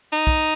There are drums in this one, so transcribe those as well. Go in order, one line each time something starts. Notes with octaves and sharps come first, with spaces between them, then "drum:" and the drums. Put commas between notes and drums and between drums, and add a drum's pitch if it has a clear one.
D#4
drum: kick B1